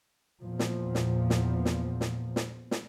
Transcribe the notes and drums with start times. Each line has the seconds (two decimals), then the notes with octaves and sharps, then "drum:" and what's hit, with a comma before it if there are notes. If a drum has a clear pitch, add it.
0.42 E2 A#2 F3
0.59 drum: snare
0.95 drum: snare
1.30 drum: snare
1.65 drum: snare
2.01 drum: snare
2.36 drum: snare
2.71 drum: snare